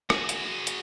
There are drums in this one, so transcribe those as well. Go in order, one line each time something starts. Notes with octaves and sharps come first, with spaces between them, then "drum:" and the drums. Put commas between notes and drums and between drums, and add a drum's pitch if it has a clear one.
F#4 G#4, drum: rim click
drum: hi-hat
drum: hi-hat